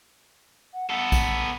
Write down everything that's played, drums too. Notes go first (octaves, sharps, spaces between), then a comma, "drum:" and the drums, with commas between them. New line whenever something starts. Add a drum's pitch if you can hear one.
F#5
B3 A4 F#5
drum: kick A#1, tambourine